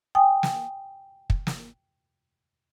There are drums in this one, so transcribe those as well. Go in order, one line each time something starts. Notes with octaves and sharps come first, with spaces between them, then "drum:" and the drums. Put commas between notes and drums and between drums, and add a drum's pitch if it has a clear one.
G5 G#5 D#6
drum: snare
drum: kick
drum: snare